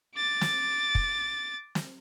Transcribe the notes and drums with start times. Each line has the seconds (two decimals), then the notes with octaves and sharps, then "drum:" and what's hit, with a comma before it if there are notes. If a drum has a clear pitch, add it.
0.15 D6 A6
0.41 drum: snare
0.95 drum: kick
1.75 drum: snare